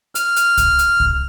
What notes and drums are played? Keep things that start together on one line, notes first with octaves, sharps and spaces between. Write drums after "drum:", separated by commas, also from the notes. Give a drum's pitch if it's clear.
F6, drum: hi-hat
drum: hi-hat
drum: kick C2, hi-hat
drum: hi-hat
drum: kick C2